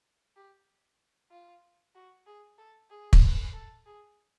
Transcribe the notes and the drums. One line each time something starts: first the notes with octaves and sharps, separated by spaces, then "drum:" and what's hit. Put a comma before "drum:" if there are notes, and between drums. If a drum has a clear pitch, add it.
G4
F4
F#4
G#4
A4
G#4
drum: kick
A4
G#4